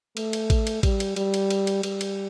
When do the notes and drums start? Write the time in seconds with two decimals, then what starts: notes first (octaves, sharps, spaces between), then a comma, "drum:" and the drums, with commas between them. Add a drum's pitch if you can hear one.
0.17 A3, drum: cymbal
0.33 drum: cymbal
0.50 drum: kick A1, cymbal
0.67 drum: cymbal
0.83 G3, drum: kick A1, cymbal
1.00 drum: cymbal
1.16 G3, drum: cymbal
1.34 drum: cymbal
1.50 drum: cymbal
1.67 drum: cymbal
1.83 G3, drum: cymbal
2.01 drum: cymbal